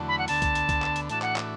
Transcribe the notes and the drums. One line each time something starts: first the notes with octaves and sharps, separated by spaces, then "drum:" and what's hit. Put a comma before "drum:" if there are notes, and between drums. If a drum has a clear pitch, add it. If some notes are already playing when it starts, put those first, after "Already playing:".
Already playing: E2 D3 F#3 A3
B5
F#5
D2 D3 B3 A5, drum: open hi-hat
drum: kick C2, hi-hat
drum: hi-hat
drum: kick C2, hi-hat
drum: clap
drum: hi-hat
A2 E3 D4 F#4 A5, drum: hi-hat
F#5, drum: clap
drum: clap